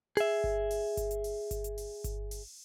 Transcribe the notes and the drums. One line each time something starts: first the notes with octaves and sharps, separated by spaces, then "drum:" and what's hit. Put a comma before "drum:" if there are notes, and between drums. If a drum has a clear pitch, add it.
G#4 E5, drum: open hi-hat
drum: kick G1
drum: open hi-hat
drum: kick G1, hi-hat
drum: hi-hat
drum: open hi-hat
drum: kick G1, hi-hat
drum: hi-hat
drum: open hi-hat
drum: kick G1, hi-hat
drum: open hi-hat